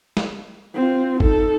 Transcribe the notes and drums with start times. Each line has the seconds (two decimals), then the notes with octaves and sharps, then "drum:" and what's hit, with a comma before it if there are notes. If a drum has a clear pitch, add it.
0.17 drum: snare
0.75 C4 F4
1.20 D#4 A4, drum: kick